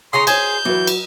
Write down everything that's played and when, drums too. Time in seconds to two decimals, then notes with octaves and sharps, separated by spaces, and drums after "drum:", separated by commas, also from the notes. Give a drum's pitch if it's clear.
0.13 C#3 C#4 A#5 C6 D#6
0.27 G#4 C5 C#5 G#5 G6, drum: cymbal
0.65 E3 F#3 F#4 B4
0.87 drum: cymbal